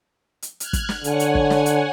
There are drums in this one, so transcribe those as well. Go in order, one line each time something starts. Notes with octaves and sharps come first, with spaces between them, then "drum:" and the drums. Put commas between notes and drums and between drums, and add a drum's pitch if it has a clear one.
drum: hi-hat
F6 F#6 G#6, drum: hi-hat
drum: kick, hi-hat
drum: snare
D3 C#5 F#5 G#5, drum: hi-hat
drum: hi-hat
drum: kick
drum: snare
drum: hi-hat